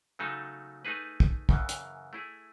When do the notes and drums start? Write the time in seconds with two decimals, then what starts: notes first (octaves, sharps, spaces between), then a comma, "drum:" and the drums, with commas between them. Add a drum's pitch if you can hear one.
0.19 C#3 F#3 A3 D#4 A4
0.85 A3 D#4 G#4 B4
1.20 drum: kick
1.49 F#2 C#3 E3, drum: kick
1.69 drum: hi-hat
2.13 A3 E4 G#4